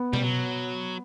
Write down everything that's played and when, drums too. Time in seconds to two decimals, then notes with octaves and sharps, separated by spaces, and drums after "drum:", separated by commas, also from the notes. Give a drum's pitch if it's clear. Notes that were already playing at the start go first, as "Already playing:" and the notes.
Already playing: B3
0.13 G3, drum: tom B2
0.23 F#3